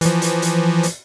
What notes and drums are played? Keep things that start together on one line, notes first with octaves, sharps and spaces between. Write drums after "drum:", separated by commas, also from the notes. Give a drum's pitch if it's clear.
E3 F3, drum: hi-hat
drum: hi-hat
drum: hi-hat
drum: hi-hat